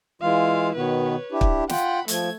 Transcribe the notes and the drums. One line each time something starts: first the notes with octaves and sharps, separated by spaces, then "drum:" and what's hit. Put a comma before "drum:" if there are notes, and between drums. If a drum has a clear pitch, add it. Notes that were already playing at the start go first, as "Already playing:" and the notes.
E3 G#3 E4 F4 F5
B2 D#3 B3 B4 C#5
D4 E4 G4
drum: kick
F4 F#5 G5 B5, drum: snare
F3 A3 G#6, drum: hi-hat